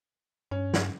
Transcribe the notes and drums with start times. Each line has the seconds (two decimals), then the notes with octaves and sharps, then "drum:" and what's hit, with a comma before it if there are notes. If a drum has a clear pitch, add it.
0.51 G2 C#4
0.74 drum: snare